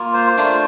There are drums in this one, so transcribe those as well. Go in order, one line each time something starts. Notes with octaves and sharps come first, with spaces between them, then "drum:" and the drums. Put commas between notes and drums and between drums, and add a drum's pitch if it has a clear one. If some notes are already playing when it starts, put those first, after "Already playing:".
Already playing: A#3 F4
C5
A3 D4 F4, drum: hi-hat